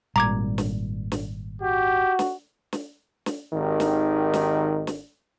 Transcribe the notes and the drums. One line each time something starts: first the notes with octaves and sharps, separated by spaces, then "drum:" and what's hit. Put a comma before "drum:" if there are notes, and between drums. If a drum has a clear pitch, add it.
G#1 A#2 G3 A#5 D6 G#6
drum: snare
drum: snare
F#4 G4
drum: snare
drum: snare
drum: snare
G#1 D#3 D#4 G4
drum: snare
drum: snare
drum: snare